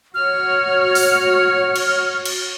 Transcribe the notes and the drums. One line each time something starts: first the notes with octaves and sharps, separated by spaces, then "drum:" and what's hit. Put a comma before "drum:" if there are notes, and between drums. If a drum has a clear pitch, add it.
F#4 C#5 F6
drum: open hi-hat
drum: cymbal
drum: cymbal